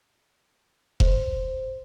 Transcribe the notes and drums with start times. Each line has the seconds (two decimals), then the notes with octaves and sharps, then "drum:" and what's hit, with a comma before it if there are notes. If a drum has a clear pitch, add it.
1.00 C5, drum: kick F1